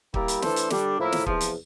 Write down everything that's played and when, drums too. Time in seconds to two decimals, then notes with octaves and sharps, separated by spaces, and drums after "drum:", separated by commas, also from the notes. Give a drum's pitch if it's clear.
0.14 G3 A#3 E4 G4 A#4, drum: kick
0.28 drum: hi-hat
0.42 E3 A3 D4 A4 C5, drum: snare
0.56 drum: hi-hat
0.70 D3 G3 D4, drum: snare
0.99 A2 F3 A#3 E4
1.12 drum: snare
1.26 E2 C3 F3, drum: kick
1.41 drum: hi-hat